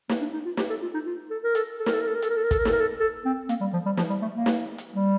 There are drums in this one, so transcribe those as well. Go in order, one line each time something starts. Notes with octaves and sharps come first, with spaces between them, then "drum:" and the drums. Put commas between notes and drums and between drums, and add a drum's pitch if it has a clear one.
A#3, drum: snare
D4
D#4
F4
G4, drum: snare
A4
F4
D#4
F4
A4
A#4
A4, drum: hi-hat
A4
A#4, drum: snare
A4
A#4
A4
A#4
A4, drum: hi-hat
A#4
A4
A#4
A4, drum: kick, hi-hat
A#4
A4, drum: snare
A#4
A4
A4
C4
A#3, drum: hi-hat
G3
F3
G3
F3, drum: snare
G3
A3
A#3
drum: snare
drum: hi-hat
G3